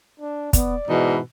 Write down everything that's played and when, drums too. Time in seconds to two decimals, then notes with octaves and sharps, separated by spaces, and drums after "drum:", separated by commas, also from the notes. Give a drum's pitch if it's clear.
0.20 D4
0.53 B3 D5, drum: kick, hi-hat
0.88 G#2 B2 E3 D#4